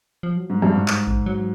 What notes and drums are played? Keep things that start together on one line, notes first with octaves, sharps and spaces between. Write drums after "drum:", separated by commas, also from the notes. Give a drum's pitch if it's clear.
F3
F#3
G#2 G3
G2
G#2
drum: clap
drum: kick A1
F#3